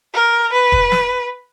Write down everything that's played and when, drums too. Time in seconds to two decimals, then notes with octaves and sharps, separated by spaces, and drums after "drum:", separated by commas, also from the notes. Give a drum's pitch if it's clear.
0.14 A#4
0.53 B4
0.72 drum: kick
0.92 drum: snare